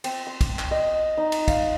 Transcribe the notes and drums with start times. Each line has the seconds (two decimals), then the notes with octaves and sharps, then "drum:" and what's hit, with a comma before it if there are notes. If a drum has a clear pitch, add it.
0.04 C4, drum: cymbal
0.27 C6
0.41 drum: kick, cymbal
0.59 drum: clap
0.71 D#5
1.17 D#4
1.32 drum: cymbal
1.48 F5, drum: kick, cymbal